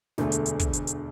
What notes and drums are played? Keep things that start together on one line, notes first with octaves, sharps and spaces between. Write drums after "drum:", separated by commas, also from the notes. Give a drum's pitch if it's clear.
E1 D2 D3 A3, drum: snare
drum: hi-hat
drum: hi-hat
drum: kick, hi-hat
drum: hi-hat
drum: hi-hat